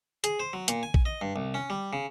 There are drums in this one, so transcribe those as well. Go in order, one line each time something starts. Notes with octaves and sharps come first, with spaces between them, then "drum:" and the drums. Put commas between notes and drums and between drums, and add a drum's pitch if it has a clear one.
G#4, drum: hi-hat
C5
F#3
A#2, drum: hi-hat
G#5
drum: kick A#1
D#5
G2
C2
C#4
G3
C#3